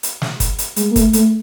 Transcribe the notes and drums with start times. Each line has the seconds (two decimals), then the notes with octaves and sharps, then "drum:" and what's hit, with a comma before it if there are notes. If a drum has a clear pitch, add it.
0.03 drum: hi-hat
0.22 drum: snare
0.40 drum: kick, hi-hat
0.58 drum: hi-hat
0.76 G#3, drum: hi-hat
0.91 A#3
0.96 A3, drum: kick, hi-hat
1.13 A3, drum: hi-hat